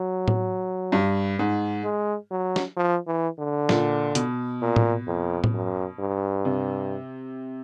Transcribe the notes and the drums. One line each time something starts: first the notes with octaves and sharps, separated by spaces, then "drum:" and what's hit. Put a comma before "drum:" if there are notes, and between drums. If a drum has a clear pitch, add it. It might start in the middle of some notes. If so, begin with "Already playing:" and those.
Already playing: F#3
drum: tom A2
G2
G#2
G#3
F#3
drum: snare
F3
E3
D3
A#2, drum: snare
B2, drum: hi-hat
A#2
drum: tom A2
F2
drum: tom A2
F#2
G2
C3